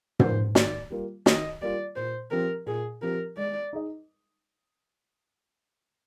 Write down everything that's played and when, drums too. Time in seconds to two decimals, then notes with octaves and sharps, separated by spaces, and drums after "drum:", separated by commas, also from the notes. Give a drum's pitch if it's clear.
0.20 F3 A#3 D#4 A#4 C5, drum: tom
0.55 D#3 D5, drum: snare
0.90 G3 A#3 F4
1.26 D#3 D#5, drum: snare
1.61 G3 A#3 F4 D5
1.96 A#2 C5
2.31 F3 C4 G4 A#4
2.66 A#2 G#4
3.02 F3 C4 G4 A#4
3.37 G#3 D5
3.73 D#4 G#4 D#5